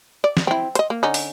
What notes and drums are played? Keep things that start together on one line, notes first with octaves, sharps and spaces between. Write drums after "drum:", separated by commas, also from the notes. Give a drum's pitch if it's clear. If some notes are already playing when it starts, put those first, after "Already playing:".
D5
drum: snare
C4 E4
C5 D#5, drum: hi-hat
A#3
D3 C#4 D#4
drum: open hi-hat